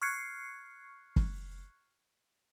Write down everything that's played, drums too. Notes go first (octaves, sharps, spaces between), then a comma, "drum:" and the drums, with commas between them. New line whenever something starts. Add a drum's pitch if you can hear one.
C#6 F6 F#6 G#6 C7 C#7
drum: kick F#1